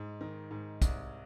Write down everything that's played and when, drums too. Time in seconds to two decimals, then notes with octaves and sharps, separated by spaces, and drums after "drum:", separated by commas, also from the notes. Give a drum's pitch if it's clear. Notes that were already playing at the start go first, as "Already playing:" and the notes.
Already playing: G#2
0.21 D#3
0.51 G#2
0.82 C2, drum: kick, hi-hat